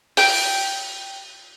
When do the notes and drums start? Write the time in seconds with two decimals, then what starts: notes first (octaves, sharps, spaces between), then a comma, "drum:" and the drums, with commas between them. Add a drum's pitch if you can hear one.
0.17 G5, drum: open hi-hat